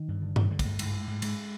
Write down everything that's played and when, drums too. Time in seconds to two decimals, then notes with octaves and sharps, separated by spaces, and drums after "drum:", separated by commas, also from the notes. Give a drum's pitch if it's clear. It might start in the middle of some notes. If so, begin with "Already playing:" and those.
Already playing: D#3
0.08 G2
0.21 D3
0.36 G2 D#3, drum: tom G2
0.50 D3 G#3
0.59 A#3, drum: kick, cymbal
0.65 G2 A3
0.79 G#2, drum: cymbal
0.94 G#2
1.08 G#2
1.22 G#2 G#3, drum: cymbal